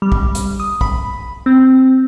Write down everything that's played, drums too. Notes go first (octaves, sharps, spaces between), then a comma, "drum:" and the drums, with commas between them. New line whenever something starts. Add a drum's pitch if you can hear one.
G3
drum: kick
drum: hi-hat
D#6
B5, drum: kick
C4